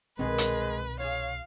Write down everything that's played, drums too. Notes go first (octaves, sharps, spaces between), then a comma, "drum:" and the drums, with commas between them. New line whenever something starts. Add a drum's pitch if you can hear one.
C2 B2 D#3 G#3 C4 G#4 B4
drum: hi-hat
F4 G#4 C#5 F5